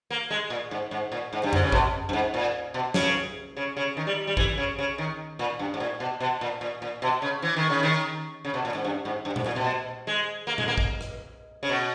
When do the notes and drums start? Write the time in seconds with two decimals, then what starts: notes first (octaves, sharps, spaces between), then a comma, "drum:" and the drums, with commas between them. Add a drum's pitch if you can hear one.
0.10 A#3
0.30 G#3
0.50 A#2
0.71 G#2
0.91 G#2
1.12 A#2
1.33 G#2
1.43 G2
1.53 G#2, drum: tom F2
1.63 C#3
1.72 B2, drum: kick G#1
2.09 G2
2.13 G#2
2.34 A#2
2.74 B2
2.94 C#3, drum: snare
3.57 C#3
3.77 C#3
3.97 D#3
4.07 G3
4.27 G3
4.37 E3, drum: kick G#1
4.58 C#3
4.79 C#3
4.98 D#3
5.39 A#2
5.59 G2
5.74 G#2
5.80 A#2
6.00 B2
6.20 B2
6.41 A#2
6.61 A#2
6.82 A#2
7.02 B2
7.22 C#3
7.42 E3
7.56 D#3
7.70 C#3
7.83 D#3
8.45 C#3
8.54 B2
8.65 A#2
8.75 G#2
8.85 G2
9.05 G#2
9.25 G2
9.36 G#2, drum: tom A#2
9.46 A#2
9.56 B2
10.07 G#3
10.47 A#3
10.58 G#3, drum: tom A#2
10.68 A#3
10.78 drum: kick G#1
11.01 drum: rim click
11.63 C#3
11.69 B2